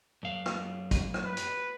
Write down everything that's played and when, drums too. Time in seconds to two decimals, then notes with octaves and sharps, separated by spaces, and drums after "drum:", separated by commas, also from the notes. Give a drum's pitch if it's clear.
0.23 F#2 F5
0.46 drum: rim click
0.91 drum: kick, hi-hat
1.14 drum: rim click
1.25 B4
1.37 drum: hi-hat